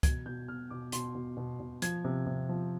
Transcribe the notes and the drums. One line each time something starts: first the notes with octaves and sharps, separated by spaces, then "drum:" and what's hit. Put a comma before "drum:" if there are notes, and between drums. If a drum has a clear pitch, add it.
B2 G#6, drum: kick, hi-hat
B2 G6
B2 F6
B2 D6
B2 C6, drum: hi-hat
B2
B2
B2
F3 G#6, drum: hi-hat
C3
C3
F3